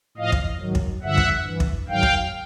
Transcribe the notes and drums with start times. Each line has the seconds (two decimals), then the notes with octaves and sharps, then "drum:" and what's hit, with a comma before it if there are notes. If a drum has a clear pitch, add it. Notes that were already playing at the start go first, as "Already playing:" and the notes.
0.17 A2 F3 D#5 F5
0.32 drum: kick
0.60 G#2 D#3 F#3
0.75 drum: kick
1.03 G2 D3 F3 E5 F#5
1.18 drum: kick
1.46 G2 E3
1.60 drum: kick
1.88 G#2 D#3 F#3 F5 G5
2.03 drum: kick